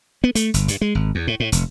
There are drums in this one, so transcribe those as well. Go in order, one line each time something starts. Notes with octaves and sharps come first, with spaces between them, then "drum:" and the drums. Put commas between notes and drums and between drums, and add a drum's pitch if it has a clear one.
B3
A3, drum: hi-hat
G1, drum: hi-hat
G2, drum: hi-hat
G#3
G#1
E2
A2
A2
F1, drum: hi-hat